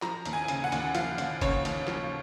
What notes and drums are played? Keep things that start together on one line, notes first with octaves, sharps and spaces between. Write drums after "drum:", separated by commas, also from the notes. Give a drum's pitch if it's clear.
F3 A#5, drum: clap
D#2, drum: hi-hat
G#5
C#3, drum: hi-hat
F#5
D#2, drum: hi-hat
F3 F5, drum: hi-hat
D#2, drum: hi-hat
C#3 C#5, drum: kick, hi-hat
D#2, drum: hi-hat
F3, drum: clap